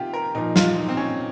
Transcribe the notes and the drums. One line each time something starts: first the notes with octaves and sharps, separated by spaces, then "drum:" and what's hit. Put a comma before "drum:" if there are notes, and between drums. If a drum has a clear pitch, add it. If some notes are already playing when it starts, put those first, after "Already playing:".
Already playing: C3 D#3 F4 G4
A#4
A#2 F3 D#4
F4, drum: snare
F4
D#4
C4
C#4